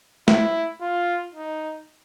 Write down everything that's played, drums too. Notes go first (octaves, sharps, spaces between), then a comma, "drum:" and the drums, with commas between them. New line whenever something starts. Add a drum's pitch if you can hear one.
E4, drum: snare
F4
D#4